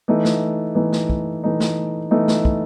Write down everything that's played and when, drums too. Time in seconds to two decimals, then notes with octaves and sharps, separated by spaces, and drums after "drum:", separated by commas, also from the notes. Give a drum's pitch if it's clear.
0.08 E3 A3 D#4
0.25 drum: snare
0.75 E3 A3 D#4
0.93 drum: snare
1.10 drum: kick
1.44 E3 A3 D#4
1.60 drum: snare
2.11 E3 A3 D#4
2.28 drum: snare
2.45 drum: kick